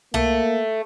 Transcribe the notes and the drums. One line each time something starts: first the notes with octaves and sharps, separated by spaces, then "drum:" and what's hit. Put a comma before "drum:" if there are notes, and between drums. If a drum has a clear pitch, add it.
A3 A#3, drum: tom C2